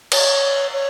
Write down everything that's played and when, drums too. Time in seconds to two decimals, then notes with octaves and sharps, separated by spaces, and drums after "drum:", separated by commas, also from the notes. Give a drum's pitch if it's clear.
0.12 C#5, drum: cymbal
0.73 C#5